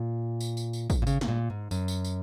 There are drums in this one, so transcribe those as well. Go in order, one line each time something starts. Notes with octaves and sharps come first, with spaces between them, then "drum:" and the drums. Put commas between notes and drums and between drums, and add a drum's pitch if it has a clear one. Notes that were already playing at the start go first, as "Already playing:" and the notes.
Already playing: A#2
drum: tambourine
drum: tambourine
drum: tambourine
drum: kick, tambourine
A#2
C#3, drum: tambourine
C#3, drum: snare
A#2
G#2
F#2, drum: tambourine
drum: tambourine
drum: tambourine